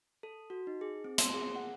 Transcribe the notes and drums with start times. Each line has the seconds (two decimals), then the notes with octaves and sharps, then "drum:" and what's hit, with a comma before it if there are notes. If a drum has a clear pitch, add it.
0.23 A4
0.50 F#4
0.67 D#4
0.81 G#4
1.04 C4
1.18 C6, drum: hi-hat
1.34 G#4
1.56 F#5